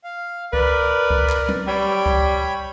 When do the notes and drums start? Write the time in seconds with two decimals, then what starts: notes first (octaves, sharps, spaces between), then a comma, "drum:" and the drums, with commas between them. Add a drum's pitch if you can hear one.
0.04 F5
0.53 A#4 B4 D5, drum: kick C#2
1.10 drum: kick C#2
1.30 drum: clap
1.49 drum: tom F#3
1.67 G3 C#5 G5 B5
2.06 drum: kick C#2